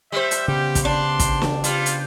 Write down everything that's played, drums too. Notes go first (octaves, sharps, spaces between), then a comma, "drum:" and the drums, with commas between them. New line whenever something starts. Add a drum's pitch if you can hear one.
G3 C5 E5
drum: hi-hat
C#3 B3 G4
drum: kick, hi-hat
D4 C6
drum: kick, hi-hat
drum: snare
G3 F4, drum: hi-hat
drum: hi-hat